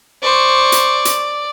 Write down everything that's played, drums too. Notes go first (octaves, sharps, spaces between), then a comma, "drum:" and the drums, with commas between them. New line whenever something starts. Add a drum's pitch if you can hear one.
C5 D5 C#6
drum: hi-hat
drum: hi-hat